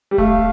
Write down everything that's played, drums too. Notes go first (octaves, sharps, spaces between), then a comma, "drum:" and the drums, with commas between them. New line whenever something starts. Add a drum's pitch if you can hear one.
G3
A3 F5, drum: kick D#1